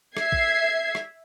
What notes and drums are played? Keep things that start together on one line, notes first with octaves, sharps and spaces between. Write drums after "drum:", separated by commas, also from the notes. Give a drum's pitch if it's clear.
E5 G#6 C7, drum: rim click
drum: kick A#1
drum: rim click